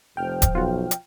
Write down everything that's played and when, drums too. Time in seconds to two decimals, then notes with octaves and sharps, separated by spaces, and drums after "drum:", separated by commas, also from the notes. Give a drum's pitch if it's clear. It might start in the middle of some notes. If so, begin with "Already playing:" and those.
0.17 F1 F3 G5 F6
0.42 drum: kick D#1, hi-hat
0.55 B1 F4 F#4
0.91 drum: hi-hat